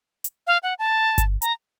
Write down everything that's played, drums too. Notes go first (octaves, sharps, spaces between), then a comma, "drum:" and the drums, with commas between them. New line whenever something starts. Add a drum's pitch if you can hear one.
drum: hi-hat
F5
F#5
A5
drum: kick G1, hi-hat
A#5, drum: hi-hat